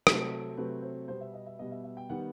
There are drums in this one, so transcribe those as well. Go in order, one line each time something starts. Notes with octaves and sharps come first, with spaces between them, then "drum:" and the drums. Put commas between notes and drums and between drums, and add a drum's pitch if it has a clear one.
C3 F#3 A3 C4 A4, drum: rim click
C3 F#3 A3 C4 B4
C5
B2 G3 B3 C5
E5
D#5
E5
B2 G3 B3 D#5
E5
E5
G5
D#3 G3 B3 F#5